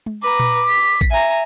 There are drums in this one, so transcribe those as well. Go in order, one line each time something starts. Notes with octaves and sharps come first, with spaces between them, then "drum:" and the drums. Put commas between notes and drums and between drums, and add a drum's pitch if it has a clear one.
drum: tom G#3
B4 A#5 D6
drum: tom A#2
B6
drum: kick A1
E5 G#5 A#5